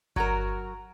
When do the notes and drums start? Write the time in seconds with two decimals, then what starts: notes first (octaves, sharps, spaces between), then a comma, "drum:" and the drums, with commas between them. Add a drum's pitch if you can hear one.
0.16 F#3 F#4 A#4, drum: kick G1